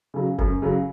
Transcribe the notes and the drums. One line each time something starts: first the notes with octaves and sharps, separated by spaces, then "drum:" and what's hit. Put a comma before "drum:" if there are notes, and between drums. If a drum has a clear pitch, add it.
C#3 F#3
F#2, drum: kick F#1
C#3 F#3